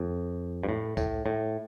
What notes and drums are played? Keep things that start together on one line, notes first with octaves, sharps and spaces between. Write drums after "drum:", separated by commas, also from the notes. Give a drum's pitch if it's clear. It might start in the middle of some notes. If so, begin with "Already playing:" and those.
Already playing: F2
G2
A2
A2, drum: kick C#2, tambourine
A2